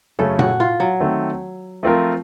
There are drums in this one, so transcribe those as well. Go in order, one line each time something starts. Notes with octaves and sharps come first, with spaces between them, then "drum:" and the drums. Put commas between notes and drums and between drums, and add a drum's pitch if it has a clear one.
F#2 C#3 A3 C#4 A4
F#4, drum: tom A#2
F4
F#3
D#3 A3 C4
F3 A3 C4 F4 A#4